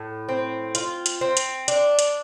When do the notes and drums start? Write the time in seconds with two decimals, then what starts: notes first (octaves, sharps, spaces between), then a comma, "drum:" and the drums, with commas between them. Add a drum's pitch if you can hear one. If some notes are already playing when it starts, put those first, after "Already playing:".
Already playing: A2
0.29 C4
0.75 F4, drum: hi-hat
1.06 drum: hi-hat
1.21 C4
1.37 drum: hi-hat
1.68 D4, drum: hi-hat
1.99 drum: hi-hat